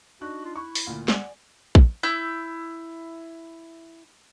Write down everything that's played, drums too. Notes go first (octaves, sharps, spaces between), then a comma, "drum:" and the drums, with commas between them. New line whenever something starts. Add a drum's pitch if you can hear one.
D4 D#4 F#4 F#6
F4
E4 C#6
drum: open hi-hat
D2 A#2 F4
D5 F#5 G#5, drum: snare
drum: kick A#1
E4 E6 G6